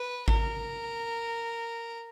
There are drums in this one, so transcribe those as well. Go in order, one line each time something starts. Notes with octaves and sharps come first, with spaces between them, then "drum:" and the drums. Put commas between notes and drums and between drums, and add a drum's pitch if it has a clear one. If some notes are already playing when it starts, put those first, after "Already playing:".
Already playing: B4
A#4, drum: kick G#1